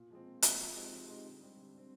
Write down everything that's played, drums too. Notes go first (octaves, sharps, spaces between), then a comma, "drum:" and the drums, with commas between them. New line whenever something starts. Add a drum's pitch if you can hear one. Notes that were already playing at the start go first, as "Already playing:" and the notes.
Already playing: A#2
F3 G#3 C4
A#2
F3 G#3 C4, drum: hi-hat
F3
G#3 C4 D#4 G4
F3
G#3 C4 D#4 G4
D3
G3 C4
D3
G3 C4